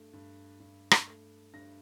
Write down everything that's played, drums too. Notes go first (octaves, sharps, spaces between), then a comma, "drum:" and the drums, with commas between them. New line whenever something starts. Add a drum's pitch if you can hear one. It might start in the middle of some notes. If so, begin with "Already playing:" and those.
Already playing: G2 A3
G2
G2
drum: rim click
A3
G2 A#6